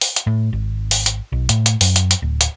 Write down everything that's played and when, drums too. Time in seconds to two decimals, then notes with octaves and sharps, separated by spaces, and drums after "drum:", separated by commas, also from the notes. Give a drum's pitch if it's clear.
0.01 drum: open hi-hat
0.16 drum: hi-hat
0.27 A2
0.53 G#1
0.91 drum: open hi-hat
1.06 drum: hi-hat
1.32 B1
1.49 A2, drum: hi-hat
1.66 drum: hi-hat
1.81 F#2, drum: open hi-hat
1.96 drum: hi-hat
2.11 drum: hi-hat
2.22 D1
2.41 drum: hi-hat